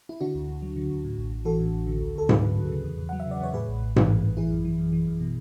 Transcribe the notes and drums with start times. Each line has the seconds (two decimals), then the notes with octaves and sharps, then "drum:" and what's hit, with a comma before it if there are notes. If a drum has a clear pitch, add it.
0.09 E4
0.21 D3 D4 F#4
0.35 D2
0.48 D2
0.62 F#3
0.76 D3
0.90 D2
1.05 A2
1.17 A1
1.32 A1
1.45 E3 F#4 A4
1.60 A2
1.74 A1
1.87 D3
2.01 D2
2.16 D2 A4
2.29 F#3 G#4 B4, drum: tom G#2
2.42 D3
2.57 D2
2.71 C#3
2.84 E2
2.98 E2
3.09 F#3 F#5
3.20 E5
3.27 C#3 D5
3.40 E2 C#5
3.53 A2 G#4 B4
3.68 A1
3.82 A1
3.96 E3, drum: tom G#2
4.10 A2
4.23 A1
4.37 E3 E4 G#4
4.51 F#2
4.65 E3
4.79 F#2
4.93 E3
5.07 F#2
5.20 B2